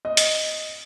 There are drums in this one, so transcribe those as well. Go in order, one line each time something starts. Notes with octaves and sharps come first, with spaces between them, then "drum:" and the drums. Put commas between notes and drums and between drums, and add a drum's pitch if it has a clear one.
D#5
drum: hi-hat